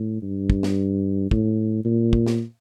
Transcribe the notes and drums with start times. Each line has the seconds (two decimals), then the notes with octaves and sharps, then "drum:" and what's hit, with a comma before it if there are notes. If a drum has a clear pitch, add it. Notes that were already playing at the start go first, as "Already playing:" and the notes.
Already playing: A2
0.22 G2
0.50 drum: kick
0.63 drum: snare
1.31 A2, drum: kick
1.85 A#2
2.13 drum: kick
2.26 drum: snare